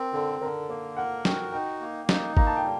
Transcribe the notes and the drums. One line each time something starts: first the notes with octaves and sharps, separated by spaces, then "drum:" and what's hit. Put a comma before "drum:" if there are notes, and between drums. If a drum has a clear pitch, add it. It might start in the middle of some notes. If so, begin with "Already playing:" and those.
Already playing: C4 A#4
D3 A4
D3 A#4
A#3 A#4
A#4 F#5
F#4 G5, drum: snare
D#4 G5
A#3
D#4, drum: snare
A#3 A#5, drum: kick G#1
A5
G5
G3